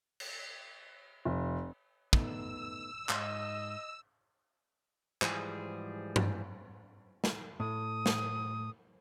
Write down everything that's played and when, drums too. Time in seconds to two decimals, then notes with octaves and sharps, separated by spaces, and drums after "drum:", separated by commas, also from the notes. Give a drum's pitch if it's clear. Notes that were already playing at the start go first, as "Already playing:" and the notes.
0.20 drum: cymbal
1.25 F1
2.13 A3 B3 D#4 E6, drum: kick
3.09 G#2 D#5 C6, drum: clap
5.22 G#2 E3 F3 G3 G#4, drum: clap
6.16 drum: tom G2
7.24 drum: snare
7.60 A2 D#6
8.06 drum: snare